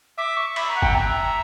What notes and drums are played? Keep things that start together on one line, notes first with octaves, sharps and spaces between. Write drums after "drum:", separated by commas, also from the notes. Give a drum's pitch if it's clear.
E5 D6
C#6
E5 B5, drum: cymbal
A#5
F#5
G5, drum: kick F#1
E5 A#5